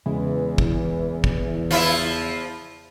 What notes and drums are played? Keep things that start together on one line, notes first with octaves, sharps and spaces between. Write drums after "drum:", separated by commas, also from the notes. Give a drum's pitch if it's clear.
E2 C#3 E3 G#3
drum: kick
drum: kick
F3 E4 E5, drum: open hi-hat